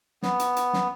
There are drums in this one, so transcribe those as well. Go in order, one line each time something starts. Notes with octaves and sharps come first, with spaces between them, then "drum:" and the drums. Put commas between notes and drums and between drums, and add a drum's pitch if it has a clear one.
B3, drum: snare
drum: hi-hat
drum: hi-hat
drum: snare